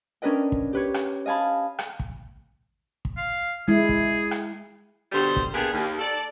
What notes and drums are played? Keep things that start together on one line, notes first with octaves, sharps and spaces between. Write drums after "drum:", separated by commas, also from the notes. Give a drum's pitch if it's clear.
C#4 D4 A#4 B4 D#5 G5
drum: kick
G4 B4 C#5
drum: rim click
D#5 F5 G#5 A5 B5
drum: rim click
drum: kick
drum: kick
F5
G#3 E4 G#4
drum: kick
drum: rim click
G2 B2 D3 G3 G4 C5
drum: kick
A#3 B3 D4 G4 G#4
D#2
A4 D5